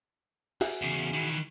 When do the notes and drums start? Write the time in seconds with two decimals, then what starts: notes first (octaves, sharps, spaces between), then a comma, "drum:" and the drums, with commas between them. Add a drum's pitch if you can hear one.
0.61 F#4 G#4 E5, drum: open hi-hat
0.82 E2 C#3
1.13 D#3 E3